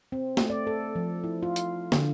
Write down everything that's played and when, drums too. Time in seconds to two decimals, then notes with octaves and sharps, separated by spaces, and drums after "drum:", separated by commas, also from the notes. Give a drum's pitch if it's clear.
0.12 C4
0.37 A3, drum: snare
0.50 D5
0.67 A4
0.96 F3
1.24 E4
1.43 F4
1.56 drum: hi-hat
1.92 D3, drum: snare